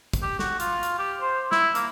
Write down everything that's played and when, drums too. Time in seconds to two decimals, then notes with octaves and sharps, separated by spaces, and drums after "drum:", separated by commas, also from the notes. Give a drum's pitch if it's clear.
0.13 drum: kick, hi-hat
0.23 G4
0.39 F#4, drum: snare
0.60 F4, drum: hi-hat
0.83 drum: hi-hat
0.99 G4
1.21 C5
1.52 E4, drum: snare
1.75 A#3, drum: hi-hat